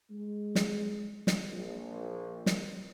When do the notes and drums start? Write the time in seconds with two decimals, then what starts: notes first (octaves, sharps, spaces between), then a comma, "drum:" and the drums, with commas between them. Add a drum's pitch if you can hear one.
0.11 G#3
0.55 drum: snare
1.27 drum: snare
1.51 A#1
2.46 drum: snare